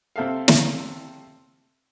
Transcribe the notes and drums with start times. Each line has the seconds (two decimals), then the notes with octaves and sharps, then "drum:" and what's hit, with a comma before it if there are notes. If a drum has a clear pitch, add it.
0.16 C3 C4 A4 E5 F5
0.48 drum: snare